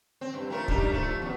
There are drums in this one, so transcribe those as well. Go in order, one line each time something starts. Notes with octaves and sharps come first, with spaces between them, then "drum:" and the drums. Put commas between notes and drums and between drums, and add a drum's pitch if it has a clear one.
C4
G2
F3 A3 A#4
G3 D4 D#4, drum: kick
F3 A3
F2 B2